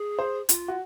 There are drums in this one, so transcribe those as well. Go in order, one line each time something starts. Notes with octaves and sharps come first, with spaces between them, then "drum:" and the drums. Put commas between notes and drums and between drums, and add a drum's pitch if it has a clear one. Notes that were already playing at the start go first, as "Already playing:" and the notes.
Already playing: G#4
C5
F4, drum: hi-hat
F#4